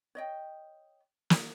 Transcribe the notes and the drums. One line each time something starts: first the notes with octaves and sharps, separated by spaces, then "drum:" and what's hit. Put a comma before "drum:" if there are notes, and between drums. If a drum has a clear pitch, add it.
C#5 D#5 G5
drum: snare